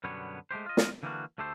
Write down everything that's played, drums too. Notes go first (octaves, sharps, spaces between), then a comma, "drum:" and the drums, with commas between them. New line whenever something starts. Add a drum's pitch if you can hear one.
F#2 B2 D3 G3 B3 C#5
G#3 A3 G4 C5
F4 D#5
drum: snare
D3 E3 G3 A#3 D4 F#4
D2 A3 G4 A4 C5